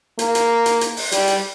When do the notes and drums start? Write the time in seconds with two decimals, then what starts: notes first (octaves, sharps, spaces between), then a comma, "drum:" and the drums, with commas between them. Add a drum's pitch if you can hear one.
0.19 A#3, drum: hi-hat
0.35 drum: hi-hat
0.66 drum: hi-hat
0.81 drum: hi-hat
0.97 drum: open hi-hat
1.12 G3, drum: hi-hat
1.28 drum: hi-hat